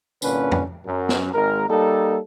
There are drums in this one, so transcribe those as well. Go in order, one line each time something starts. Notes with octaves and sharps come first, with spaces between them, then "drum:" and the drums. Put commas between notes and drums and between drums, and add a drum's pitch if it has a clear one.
C2 A#2 D3 C#4 B4, drum: tambourine
drum: tom F2
F#2
drum: snare
G#1 G#3 A#4
G3 A#3 D#4 A4